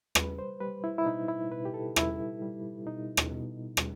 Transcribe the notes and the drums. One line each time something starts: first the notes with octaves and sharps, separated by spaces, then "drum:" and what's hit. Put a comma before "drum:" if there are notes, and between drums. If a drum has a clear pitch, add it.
G3 B4, drum: rim click
C5
G3 B4
E4
E4
B2 D#4
E4
B2 B4
G4
A4
G3 E4, drum: rim click
G3
B2 D#4
drum: rim click
B2
G3, drum: rim click